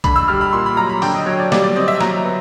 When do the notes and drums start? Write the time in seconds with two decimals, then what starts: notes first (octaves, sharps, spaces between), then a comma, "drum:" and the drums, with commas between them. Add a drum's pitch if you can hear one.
0.04 D3 B5, drum: kick, hi-hat
0.16 E6
0.28 G3 F6
0.41 B5
0.53 A#2 C6
0.66 B5
0.77 F#3 A#5
0.89 B5
1.02 D3 G5, drum: open hi-hat
1.15 D#5
1.26 F#3 C#5
1.39 D5
1.52 G3 D5, drum: snare
1.64 D5
1.76 C4 D#5
1.88 E5
2.00 F#3 A#5, drum: snare
2.24 B3